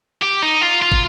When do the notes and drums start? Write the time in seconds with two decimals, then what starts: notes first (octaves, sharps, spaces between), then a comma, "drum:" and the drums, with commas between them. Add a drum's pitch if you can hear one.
0.22 G4
0.42 D#4
0.61 F4
0.82 F4
0.92 drum: kick